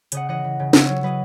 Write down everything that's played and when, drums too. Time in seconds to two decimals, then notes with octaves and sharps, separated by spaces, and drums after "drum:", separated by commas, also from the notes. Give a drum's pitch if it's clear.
0.12 C#3 D#5 F#5, drum: hi-hat
0.29 E3 D#5 F#5
0.44 E3
0.60 C#3
0.73 C#3 C#5 E5, drum: snare
0.89 F#3
1.03 F#3 B4 D#5